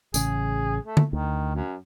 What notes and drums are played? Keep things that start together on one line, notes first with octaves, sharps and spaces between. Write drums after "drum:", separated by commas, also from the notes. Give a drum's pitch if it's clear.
A1 C#3 G#4, drum: tambourine
A3
drum: tom D3
D2 D#3
F#2